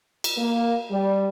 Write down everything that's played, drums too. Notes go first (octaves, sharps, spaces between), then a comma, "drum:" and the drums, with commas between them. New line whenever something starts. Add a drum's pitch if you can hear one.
drum: cymbal
A#3
G3